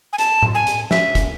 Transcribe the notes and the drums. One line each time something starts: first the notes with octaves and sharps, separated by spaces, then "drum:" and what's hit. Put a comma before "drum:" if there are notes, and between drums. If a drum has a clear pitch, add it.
G#5
A5, drum: hi-hat
drum: tom A2
G#5
drum: hi-hat
E5, drum: snare
drum: kick, hi-hat